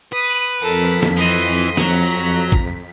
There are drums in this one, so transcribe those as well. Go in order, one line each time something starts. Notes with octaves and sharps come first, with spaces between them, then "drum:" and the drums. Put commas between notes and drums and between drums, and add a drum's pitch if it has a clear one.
B4 D#6
F2 A4 A#4 B6
drum: snare
E3 D#5 C6
F#3 A#5, drum: snare
drum: kick